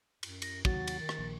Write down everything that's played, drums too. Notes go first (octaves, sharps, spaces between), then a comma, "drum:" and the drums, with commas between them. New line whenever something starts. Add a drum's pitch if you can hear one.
F#2, drum: cymbal
A#6, drum: cymbal
D#2 F#3 F#4 A6, drum: kick
drum: cymbal
D#3
drum: rim click
A#1